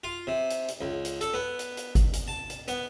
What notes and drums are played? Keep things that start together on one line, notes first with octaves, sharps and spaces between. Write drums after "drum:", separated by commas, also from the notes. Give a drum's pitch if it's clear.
F4
C3
drum: hi-hat
drum: hi-hat
C#2
drum: hi-hat
A4, drum: hi-hat
B3
drum: hi-hat
drum: hi-hat
drum: kick G1, hi-hat
drum: hi-hat
A5
drum: hi-hat
B3, drum: hi-hat